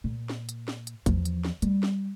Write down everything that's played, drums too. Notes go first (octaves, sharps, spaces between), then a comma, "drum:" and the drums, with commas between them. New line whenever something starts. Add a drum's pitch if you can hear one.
A#2
drum: snare
drum: hi-hat
drum: snare
drum: hi-hat
E2 F3, drum: kick A1, hi-hat
drum: hi-hat
drum: snare
G3, drum: hi-hat
drum: snare